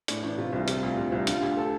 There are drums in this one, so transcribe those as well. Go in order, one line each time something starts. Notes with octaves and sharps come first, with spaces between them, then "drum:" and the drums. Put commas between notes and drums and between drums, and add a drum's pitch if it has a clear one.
A2 D4, drum: hi-hat
A1 D4
C3 F4
C2 G4
C3 F4, drum: hi-hat
D2 F4
C3
C2
D3 F4, drum: hi-hat
D2 G4
A4